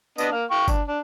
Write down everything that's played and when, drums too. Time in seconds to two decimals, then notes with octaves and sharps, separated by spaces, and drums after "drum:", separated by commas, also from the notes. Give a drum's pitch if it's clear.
0.18 B3 D4 D#5, drum: tambourine
0.32 A#3 F5
0.51 F5 G5 C#6
0.68 D4, drum: kick G1, tambourine
0.88 D4